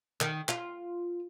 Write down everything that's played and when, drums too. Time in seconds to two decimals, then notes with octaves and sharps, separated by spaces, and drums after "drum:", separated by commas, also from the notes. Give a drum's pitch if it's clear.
0.21 D#3, drum: clap
0.49 F4, drum: clap